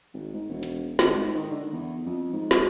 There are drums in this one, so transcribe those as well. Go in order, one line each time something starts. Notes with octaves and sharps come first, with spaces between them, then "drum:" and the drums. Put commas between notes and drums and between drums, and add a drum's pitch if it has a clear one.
G#1
G#2
E1
drum: hi-hat
G#1, drum: snare
G#2
D#3
D3
E2
F2
G#2
F#3, drum: snare